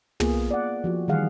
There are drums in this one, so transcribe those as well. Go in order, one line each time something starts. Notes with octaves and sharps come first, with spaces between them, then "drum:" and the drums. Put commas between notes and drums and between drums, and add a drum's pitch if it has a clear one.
A#3 B3 F4 G#4, drum: tom
D5 F#5
F3 F#4 G4
D#3 E3 G3 G#4 F5 F#5